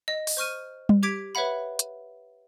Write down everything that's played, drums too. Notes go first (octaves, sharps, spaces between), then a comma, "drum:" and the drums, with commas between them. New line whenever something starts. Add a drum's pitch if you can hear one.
D#5
drum: open hi-hat
C5 C#6 F6 D#7
drum: tom G3
G4 D6 G#6 B6 D7
B4 C#5 E5 F#5 B5
drum: hi-hat